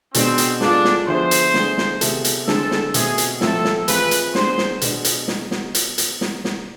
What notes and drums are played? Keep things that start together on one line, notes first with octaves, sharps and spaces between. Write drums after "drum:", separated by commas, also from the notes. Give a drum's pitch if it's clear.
B2 G#3 B3 C4 D4, drum: hi-hat
drum: hi-hat
G#3 B3 D4 F4 A4, drum: snare
drum: snare
D3 F3 B3 E4 G#4 C5
drum: hi-hat
D3 A3 D4 G#4, drum: snare
drum: snare
C3 G#3 B3 E4 A4, drum: hi-hat
drum: hi-hat
D3 G#3 C4 A4, drum: snare
drum: snare
B2 A3 C4 G#4, drum: hi-hat
drum: hi-hat
A2 F3 A3 C4 A4, drum: snare
drum: snare
E3 G#3 C4 F4 B4, drum: hi-hat
drum: hi-hat
G#3 B3 D4 C5, drum: snare
drum: snare
B2 G#3 B3 D4, drum: hi-hat
drum: hi-hat
drum: snare
drum: snare
drum: hi-hat
drum: hi-hat
drum: snare
drum: snare